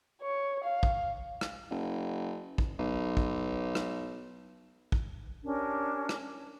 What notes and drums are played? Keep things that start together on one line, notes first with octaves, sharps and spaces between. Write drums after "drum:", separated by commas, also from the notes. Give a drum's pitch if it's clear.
C#5
F5
drum: kick
drum: rim click
F#1
drum: kick
B1
drum: kick
drum: rim click
drum: kick
C#4 D4 G4 A#4
drum: rim click